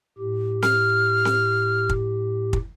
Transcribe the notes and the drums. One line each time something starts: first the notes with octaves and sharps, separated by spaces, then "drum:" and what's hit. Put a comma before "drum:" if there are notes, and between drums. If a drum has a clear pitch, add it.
A2 G4
F6, drum: snare C4
drum: snare C4
drum: kick
drum: kick